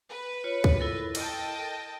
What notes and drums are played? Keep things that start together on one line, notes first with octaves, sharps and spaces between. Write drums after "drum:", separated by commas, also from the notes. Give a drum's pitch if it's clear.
B4
F4 C#5
drum: kick
E4 A4 A#4
D#5 G5 A5, drum: cymbal
A#4